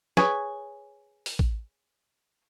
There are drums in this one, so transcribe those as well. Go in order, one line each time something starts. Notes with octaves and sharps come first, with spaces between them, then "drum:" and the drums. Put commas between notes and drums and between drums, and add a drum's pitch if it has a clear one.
G#4 B4 C#5 G#5, drum: snare
drum: open hi-hat
drum: kick